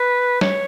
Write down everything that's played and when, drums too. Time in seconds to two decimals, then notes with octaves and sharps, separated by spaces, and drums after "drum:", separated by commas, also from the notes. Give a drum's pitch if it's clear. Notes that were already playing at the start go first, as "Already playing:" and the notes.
Already playing: B4
0.41 C#5, drum: snare